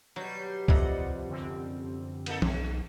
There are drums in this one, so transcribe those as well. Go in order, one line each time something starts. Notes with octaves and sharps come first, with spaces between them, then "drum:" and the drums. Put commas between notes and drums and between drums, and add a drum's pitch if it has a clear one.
B2 F#3 G3 G6 C7
F2 C3 D5 D#5 F#5, drum: kick
F#2 D3 C4
A#3 D#4 A4, drum: cymbal
B1 A#2 G#3, drum: tom E3